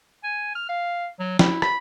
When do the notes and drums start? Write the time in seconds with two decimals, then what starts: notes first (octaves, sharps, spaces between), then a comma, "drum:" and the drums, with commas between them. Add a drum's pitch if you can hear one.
0.24 G#5
0.55 F6
0.69 F5
1.19 F#3
1.39 E4, drum: snare
1.62 B5, drum: rim click